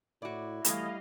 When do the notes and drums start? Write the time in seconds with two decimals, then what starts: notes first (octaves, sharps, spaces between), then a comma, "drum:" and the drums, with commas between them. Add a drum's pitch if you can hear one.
0.22 A2 E4 F#4 D5
0.65 B2 E3 F#3 G3 A3 D#5 F5, drum: hi-hat